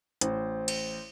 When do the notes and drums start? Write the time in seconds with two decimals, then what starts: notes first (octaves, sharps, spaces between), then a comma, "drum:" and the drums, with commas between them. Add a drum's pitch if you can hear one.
0.21 A1 C5, drum: hi-hat
0.68 drum: cymbal